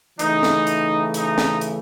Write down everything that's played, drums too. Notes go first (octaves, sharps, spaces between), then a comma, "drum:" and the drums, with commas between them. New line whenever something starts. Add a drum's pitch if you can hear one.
C#3 E3 A3 D#4, drum: hi-hat
drum: snare
drum: hi-hat
D#4, drum: hi-hat
drum: snare
drum: hi-hat